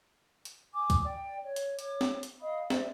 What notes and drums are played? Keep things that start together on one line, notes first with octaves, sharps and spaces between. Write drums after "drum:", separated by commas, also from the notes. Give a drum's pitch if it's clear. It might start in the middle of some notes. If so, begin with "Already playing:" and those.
drum: hi-hat
G#5 D6 D#6
drum: kick, hi-hat
D5 G5
C#5
drum: hi-hat
C#5 D6, drum: hi-hat
drum: snare
drum: hi-hat
D#5 F5 B5 D#6
C5 D5 E5, drum: snare